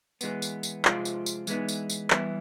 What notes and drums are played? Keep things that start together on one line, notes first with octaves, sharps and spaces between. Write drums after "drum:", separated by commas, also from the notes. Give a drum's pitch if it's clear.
E3 G#3 B3, drum: tambourine
drum: tambourine
drum: tambourine
C3 F3 G#3 C4 F4, drum: clap
drum: tambourine
drum: tambourine
E3 G#3 B3 D#4, drum: tambourine
drum: tambourine
drum: tambourine
E3 G3 B3 E4, drum: clap